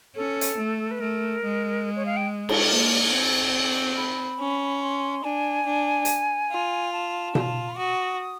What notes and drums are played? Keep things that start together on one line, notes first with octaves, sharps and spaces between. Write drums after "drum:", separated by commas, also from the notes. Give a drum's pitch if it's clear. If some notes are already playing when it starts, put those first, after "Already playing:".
C#4 A4
drum: hi-hat
A3
B4
A3 A#4
G#3
C#5
F5
G5
drum: cymbal
A#3
C4
B5
C#4
C6
D4 G#5
D4
drum: hi-hat
F4
A5
F4, drum: tom B2
F#4 D#6